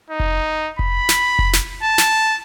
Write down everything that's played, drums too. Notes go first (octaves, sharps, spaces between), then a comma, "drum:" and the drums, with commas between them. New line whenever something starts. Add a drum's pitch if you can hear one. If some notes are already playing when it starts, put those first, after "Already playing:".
D#4
drum: kick F1
B5, drum: kick F1
drum: snare
drum: kick F1
drum: snare
A5
drum: snare